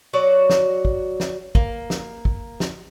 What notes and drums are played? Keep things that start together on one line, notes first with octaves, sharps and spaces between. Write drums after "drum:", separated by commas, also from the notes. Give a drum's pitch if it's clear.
F#3 F#4 D5
drum: snare
drum: kick
drum: snare
A#3, drum: kick
drum: snare
drum: kick
drum: snare